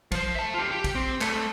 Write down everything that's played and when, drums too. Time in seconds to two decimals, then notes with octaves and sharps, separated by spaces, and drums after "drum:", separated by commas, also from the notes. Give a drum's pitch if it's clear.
0.12 F3 C5, drum: kick, cymbal
0.35 E5 A5
0.54 F4 G4
0.71 G4
0.84 drum: kick, cymbal
0.95 C4
1.21 A3, drum: clap